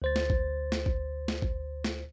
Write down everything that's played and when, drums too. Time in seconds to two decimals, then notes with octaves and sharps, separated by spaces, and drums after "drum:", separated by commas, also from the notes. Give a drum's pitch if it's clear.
0.02 D2 C5 A6
0.16 drum: snare
0.30 drum: kick
0.72 drum: snare
0.86 drum: kick
1.28 drum: snare
1.42 drum: kick
1.85 drum: snare